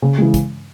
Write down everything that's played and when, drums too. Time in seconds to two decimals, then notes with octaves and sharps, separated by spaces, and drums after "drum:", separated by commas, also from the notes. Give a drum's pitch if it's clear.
0.02 C#3
0.18 E3 G#3
0.34 drum: kick, hi-hat